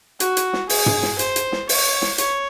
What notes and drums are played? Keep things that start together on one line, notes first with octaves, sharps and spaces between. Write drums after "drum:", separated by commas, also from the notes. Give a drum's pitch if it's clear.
F#4, drum: hi-hat
drum: hi-hat
drum: snare
G#4, drum: open hi-hat
drum: tom
drum: snare
C5, drum: hi-hat
drum: hi-hat
drum: snare
C#5, drum: open hi-hat
drum: snare
C#5, drum: hi-hat